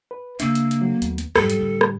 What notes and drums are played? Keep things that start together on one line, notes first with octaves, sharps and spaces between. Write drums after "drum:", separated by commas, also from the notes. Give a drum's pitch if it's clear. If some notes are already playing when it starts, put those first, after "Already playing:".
B4
C#3 A#3 C4 D4 E5 E6, drum: hi-hat
drum: hi-hat
drum: hi-hat
F#3 A3
D#2 B3, drum: hi-hat
drum: hi-hat
F2 G#2 F#3 G3 G4 A4, drum: rim click
drum: hi-hat
A2 D3
drum: rim click